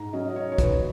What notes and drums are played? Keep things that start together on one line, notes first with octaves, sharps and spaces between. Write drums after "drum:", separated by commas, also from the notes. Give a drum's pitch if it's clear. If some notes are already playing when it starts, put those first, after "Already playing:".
Already playing: G#2 A#5
F#3 C#4 D#5
D#5
C#5
C#5
D#2 B4, drum: kick, hi-hat